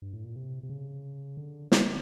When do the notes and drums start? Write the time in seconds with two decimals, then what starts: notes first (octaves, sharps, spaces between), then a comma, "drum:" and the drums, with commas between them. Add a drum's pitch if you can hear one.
0.02 G2
0.13 A2
0.24 A#2
0.35 C3
0.63 C3
0.70 C#3
1.37 D3
1.72 D3, drum: snare